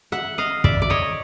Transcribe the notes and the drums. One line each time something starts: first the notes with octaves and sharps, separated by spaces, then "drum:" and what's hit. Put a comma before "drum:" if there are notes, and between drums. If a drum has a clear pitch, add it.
E5 F#5
D#5 F5
D5 E5, drum: kick
D5
C#5 D#5